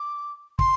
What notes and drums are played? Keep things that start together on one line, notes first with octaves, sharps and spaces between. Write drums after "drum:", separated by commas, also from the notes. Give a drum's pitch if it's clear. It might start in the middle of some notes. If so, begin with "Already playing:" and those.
Already playing: D6
C6, drum: kick